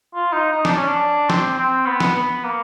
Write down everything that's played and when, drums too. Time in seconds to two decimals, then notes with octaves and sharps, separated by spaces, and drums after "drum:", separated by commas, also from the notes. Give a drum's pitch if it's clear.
0.15 F4
0.33 D#4
0.52 D#4
0.65 D4, drum: snare
0.76 C#4
0.88 D4
1.30 C4, drum: snare
1.58 C4
1.86 B3
2.00 drum: snare
2.16 B3
2.44 A#3